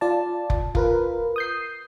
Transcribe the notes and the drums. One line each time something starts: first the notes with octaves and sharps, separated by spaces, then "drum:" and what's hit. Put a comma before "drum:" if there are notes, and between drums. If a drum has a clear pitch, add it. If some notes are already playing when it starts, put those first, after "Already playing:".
F4 D5 A5
drum: kick F1
F4 A#4 B4, drum: kick F1
D#6 G6 C7